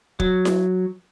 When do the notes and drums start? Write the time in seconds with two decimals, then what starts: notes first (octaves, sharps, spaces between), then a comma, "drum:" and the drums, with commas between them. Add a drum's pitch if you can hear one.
0.20 F#3, drum: kick
0.45 drum: snare E4